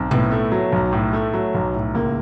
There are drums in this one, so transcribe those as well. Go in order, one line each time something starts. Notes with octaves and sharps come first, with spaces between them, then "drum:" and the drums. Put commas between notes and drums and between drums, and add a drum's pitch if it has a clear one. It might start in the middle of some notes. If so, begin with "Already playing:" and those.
Already playing: B1 C4
A2 B3, drum: tom B2
A3
F#3
B1
A2
A3
F#3
B1
A2
C#2 A#3